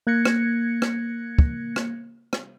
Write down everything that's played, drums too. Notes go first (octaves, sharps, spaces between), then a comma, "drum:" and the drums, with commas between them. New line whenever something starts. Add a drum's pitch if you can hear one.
A#3 F#6 G#6 A#6 C#7
drum: rim click
drum: rim click
drum: kick
drum: rim click
drum: rim click